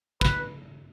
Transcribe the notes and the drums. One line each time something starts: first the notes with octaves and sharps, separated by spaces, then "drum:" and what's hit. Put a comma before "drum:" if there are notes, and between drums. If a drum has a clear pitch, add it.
B4, drum: kick